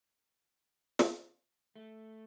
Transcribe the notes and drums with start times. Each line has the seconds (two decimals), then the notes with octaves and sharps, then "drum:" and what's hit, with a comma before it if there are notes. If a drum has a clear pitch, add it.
0.99 drum: snare
1.76 A3